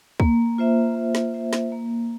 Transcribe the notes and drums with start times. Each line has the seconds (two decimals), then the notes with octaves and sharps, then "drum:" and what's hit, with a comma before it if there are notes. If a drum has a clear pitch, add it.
0.20 A#3, drum: kick
0.58 F4 C5 E5
0.95 A#3
1.15 drum: snare
1.34 F4 C5 E5
1.53 drum: snare
1.72 A#3